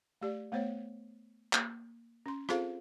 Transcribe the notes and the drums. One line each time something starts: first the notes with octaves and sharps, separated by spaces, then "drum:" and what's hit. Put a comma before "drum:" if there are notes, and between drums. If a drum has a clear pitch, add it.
A3 G4 D5
A3 B3 C5 C#5
A#3, drum: clap
C#4 C6
C4 F4 G#4 A4 C5 F5, drum: rim click